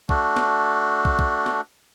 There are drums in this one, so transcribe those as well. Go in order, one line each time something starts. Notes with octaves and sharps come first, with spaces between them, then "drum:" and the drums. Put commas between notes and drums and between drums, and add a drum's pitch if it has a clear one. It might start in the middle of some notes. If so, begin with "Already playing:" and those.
A3 D4 F#4, drum: kick
drum: snare
drum: kick
drum: kick
drum: snare